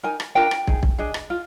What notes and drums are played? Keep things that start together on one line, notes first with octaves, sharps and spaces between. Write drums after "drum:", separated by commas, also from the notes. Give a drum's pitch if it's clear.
D#4 A#4 G#5
drum: rim click
D4 F4 A#4 G5
drum: rim click
D#4 G#4, drum: kick
drum: kick
D4 G#4 D#5
drum: rim click
F4